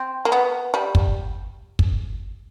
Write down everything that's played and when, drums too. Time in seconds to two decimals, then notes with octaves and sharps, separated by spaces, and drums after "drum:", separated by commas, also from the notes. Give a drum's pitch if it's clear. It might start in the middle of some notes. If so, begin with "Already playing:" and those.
Already playing: C4
0.25 A#3
0.32 B3
0.74 G3
0.95 drum: kick
1.79 drum: kick